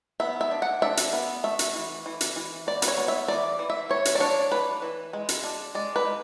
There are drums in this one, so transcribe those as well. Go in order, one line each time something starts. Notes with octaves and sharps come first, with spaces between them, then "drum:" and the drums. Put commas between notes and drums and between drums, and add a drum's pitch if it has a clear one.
B3 E5
E5
D4
F#5
D4 E5
drum: hi-hat
B3
A3 E5
drum: hi-hat
E3
E3
drum: hi-hat
E3
B3 D5
B4, drum: hi-hat
C#5
B3
E5
E3 D5
E3
E5
E3 C#5
drum: hi-hat
D5
D4 C#5
E3 B4
E3
G#3
drum: hi-hat
D4
G#3 D5
B4
G#3